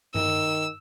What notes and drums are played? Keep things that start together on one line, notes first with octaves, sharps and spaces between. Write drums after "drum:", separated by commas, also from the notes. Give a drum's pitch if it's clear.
D#3 E6, drum: tom G2